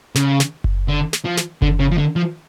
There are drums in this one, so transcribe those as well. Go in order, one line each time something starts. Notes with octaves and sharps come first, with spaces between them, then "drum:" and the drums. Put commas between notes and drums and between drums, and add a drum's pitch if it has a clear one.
C#3, drum: snare
drum: snare
drum: kick F#1
D3
drum: snare
F3
drum: snare
D3, drum: kick F#1
C#3
F3
D3
F3